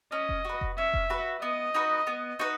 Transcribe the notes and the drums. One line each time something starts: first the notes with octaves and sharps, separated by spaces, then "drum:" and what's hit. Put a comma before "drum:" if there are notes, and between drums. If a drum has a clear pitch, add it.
C#4 D#5
drum: kick F1
F#4 B4
drum: kick F1
C#4 E5
drum: kick F1
F#4 B4
B3 D#5
D#4 F#4 B4
B3
D#4 F#4 B4